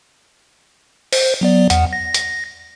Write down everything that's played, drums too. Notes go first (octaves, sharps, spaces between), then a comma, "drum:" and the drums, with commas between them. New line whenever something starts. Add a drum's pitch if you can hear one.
C5, drum: open hi-hat
F#3 B3 D5
E2 F#5, drum: hi-hat
A#6
drum: hi-hat